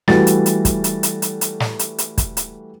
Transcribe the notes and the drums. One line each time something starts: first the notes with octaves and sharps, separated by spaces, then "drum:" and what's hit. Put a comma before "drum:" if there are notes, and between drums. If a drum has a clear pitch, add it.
E3 G3 A3 F#4 A6, drum: snare
drum: hi-hat
drum: hi-hat
drum: kick, hi-hat
drum: hi-hat
drum: hi-hat
drum: hi-hat
drum: hi-hat
drum: snare
drum: hi-hat
drum: hi-hat
drum: kick, hi-hat
drum: hi-hat